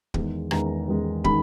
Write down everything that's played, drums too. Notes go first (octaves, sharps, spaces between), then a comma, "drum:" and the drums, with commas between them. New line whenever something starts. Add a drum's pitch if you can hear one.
E2 D#3 G#3, drum: kick
E2 D#3 G#3 A#5, drum: rim click
E2 D#3 G#3
D#3 G#3 B5, drum: kick